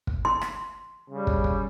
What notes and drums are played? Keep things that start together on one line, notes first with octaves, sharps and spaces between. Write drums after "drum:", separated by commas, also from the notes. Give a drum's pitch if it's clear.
drum: kick
C6
drum: rim click
C#3 G3
drum: kick
drum: kick